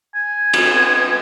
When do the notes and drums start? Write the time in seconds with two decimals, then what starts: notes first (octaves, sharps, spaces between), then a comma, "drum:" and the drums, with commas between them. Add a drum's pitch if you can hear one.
0.15 G#5
0.53 drum: cymbal